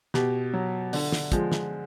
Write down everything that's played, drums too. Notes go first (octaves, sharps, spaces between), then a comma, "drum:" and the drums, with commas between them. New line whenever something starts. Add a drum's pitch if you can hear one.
B2 G4, drum: snare
F#3
D3, drum: open hi-hat
drum: snare
F3 G#3, drum: kick, hi-hat
drum: snare